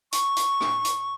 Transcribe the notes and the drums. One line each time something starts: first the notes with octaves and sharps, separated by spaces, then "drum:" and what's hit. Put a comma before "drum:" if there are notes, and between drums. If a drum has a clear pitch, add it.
C#6, drum: hi-hat
drum: hi-hat
drum: rim click
drum: hi-hat